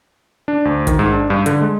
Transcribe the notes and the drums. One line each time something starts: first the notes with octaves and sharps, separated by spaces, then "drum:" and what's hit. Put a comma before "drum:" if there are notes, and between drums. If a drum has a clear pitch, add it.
D4
D2
D#3, drum: kick A1, hi-hat
G#2
D4
G2
D3, drum: hi-hat
G#3